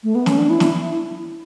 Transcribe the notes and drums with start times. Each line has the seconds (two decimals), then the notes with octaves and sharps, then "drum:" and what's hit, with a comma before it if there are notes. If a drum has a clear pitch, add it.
0.04 A3
0.15 B3
0.26 C#4, drum: snare
0.38 D4
0.50 E4
0.60 drum: snare